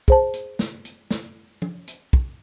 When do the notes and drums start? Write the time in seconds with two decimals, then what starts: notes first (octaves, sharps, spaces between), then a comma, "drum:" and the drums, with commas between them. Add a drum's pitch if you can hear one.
0.08 G#4 C5 A5, drum: kick
0.34 drum: hi-hat
0.59 drum: snare
0.85 drum: hi-hat
1.11 drum: snare
1.62 drum: tom
1.88 drum: hi-hat
2.13 drum: kick